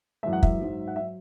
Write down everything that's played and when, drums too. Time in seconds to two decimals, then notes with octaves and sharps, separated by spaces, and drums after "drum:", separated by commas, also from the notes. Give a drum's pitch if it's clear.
0.23 F#2 E3 G#3 E5
0.33 F#5
0.43 E5, drum: kick
0.60 G#2 F#3
0.88 F#5
0.96 F#3 E5